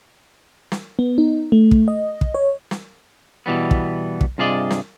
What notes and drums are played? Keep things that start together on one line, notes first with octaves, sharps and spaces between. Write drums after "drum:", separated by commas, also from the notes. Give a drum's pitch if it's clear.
drum: snare
B3
D#4
A3
drum: kick
D#5
drum: kick
C#5
drum: snare
B2 E3 G3 B3
drum: kick
drum: kick
G2 C3 F4 G#4 D5 D#5
drum: snare